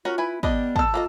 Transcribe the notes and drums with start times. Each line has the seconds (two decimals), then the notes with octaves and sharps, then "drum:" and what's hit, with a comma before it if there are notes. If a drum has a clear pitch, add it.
0.05 C#4 F4 F#4 A#4
0.18 E4 B4 G#5
0.43 G3 B3 D4 D#5, drum: kick
0.76 A5 E6, drum: kick
0.94 A#3 F4 A4 D#5